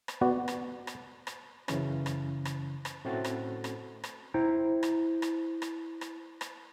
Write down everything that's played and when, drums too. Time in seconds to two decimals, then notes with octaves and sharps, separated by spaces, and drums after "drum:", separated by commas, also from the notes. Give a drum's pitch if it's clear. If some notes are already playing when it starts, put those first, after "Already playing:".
0.08 drum: rim click
0.21 B3 F#4 D5
0.48 drum: rim click
0.87 drum: rim click
1.27 drum: rim click
1.68 F#2 C#3 E3 C#4, drum: rim click
2.06 drum: rim click
2.45 drum: rim click
2.85 drum: rim click
3.05 A2 A3 C4 C#4 F#4 A6
3.24 drum: rim click
3.64 drum: rim click
4.04 drum: rim click
4.34 E4 C5 G5 A#5
4.83 drum: rim click
5.22 drum: rim click
5.62 drum: rim click
6.01 drum: rim click
6.41 drum: rim click